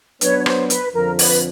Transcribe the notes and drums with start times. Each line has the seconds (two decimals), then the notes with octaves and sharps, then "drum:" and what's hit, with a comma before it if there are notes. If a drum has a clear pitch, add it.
0.21 F#3 B3 D4 B4 C#5, drum: hi-hat
0.38 C#5
0.46 C5, drum: rim click
0.70 B4, drum: hi-hat
0.94 F2 D3 F3 A#4
1.19 B4, drum: open hi-hat